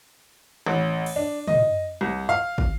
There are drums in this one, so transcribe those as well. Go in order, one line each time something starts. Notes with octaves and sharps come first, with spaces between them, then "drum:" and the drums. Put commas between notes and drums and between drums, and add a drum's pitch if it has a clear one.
A1
drum: cymbal
D4
D#5, drum: tom
C2
F5
drum: kick